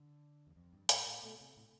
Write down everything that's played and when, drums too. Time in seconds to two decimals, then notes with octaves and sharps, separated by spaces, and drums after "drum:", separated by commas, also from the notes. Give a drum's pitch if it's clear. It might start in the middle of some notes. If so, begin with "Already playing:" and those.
Already playing: D3
0.47 E2
0.56 F2
0.73 G2
0.89 A2, drum: hi-hat
1.06 A2
1.23 B2 A3
1.41 C3
1.57 A2